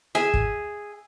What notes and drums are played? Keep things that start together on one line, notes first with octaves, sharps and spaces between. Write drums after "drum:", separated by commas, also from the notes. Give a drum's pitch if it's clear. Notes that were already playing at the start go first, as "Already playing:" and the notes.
G#4 E5
drum: kick